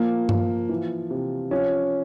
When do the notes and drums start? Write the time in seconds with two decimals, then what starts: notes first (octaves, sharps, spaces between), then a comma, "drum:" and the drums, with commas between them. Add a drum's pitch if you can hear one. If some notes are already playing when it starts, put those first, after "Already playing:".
Already playing: F3 A#3
0.29 F3, drum: tom G2
0.69 E3
1.10 C3
1.51 F3 C#4